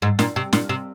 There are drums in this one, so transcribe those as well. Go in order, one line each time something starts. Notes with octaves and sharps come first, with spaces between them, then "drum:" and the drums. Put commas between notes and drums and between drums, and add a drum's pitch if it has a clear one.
G#2
A#2, drum: snare
C3
A#2, drum: snare
C3